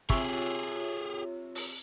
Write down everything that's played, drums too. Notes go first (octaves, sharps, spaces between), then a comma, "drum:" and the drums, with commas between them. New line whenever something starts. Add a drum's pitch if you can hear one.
C3 F4 G4 G#4 C#5 E5 C#6, drum: kick
drum: open hi-hat